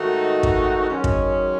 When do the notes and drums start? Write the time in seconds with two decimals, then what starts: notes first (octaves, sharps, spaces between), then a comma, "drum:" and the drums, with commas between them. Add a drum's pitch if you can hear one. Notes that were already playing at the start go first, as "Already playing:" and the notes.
Already playing: G#2 D#3 A3 D#4 F#4
0.43 drum: kick
0.89 F#2 D#3 G#3 C#4
1.04 drum: kick